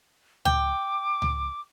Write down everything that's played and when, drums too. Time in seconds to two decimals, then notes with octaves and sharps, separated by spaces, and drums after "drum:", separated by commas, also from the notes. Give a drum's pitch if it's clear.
0.45 G5 D6, drum: tom C#2
1.22 drum: tom C#2